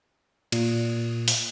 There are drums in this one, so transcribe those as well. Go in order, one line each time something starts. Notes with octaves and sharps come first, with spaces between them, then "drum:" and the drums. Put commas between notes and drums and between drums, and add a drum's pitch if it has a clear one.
A#2, drum: cymbal
drum: open hi-hat